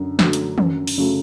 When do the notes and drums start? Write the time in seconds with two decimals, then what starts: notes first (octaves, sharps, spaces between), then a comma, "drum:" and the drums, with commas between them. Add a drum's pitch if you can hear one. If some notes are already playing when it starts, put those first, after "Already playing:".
Already playing: F#2 D3
0.19 D3 F#3 A3, drum: snare
0.33 drum: hi-hat
0.58 F#2, drum: tom
0.87 drum: open hi-hat
0.98 C#3 F#3 A3